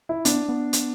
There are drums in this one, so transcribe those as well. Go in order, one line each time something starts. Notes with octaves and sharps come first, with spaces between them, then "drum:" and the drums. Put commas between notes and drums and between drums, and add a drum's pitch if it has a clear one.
E4
B3 D4, drum: hi-hat
B3
drum: hi-hat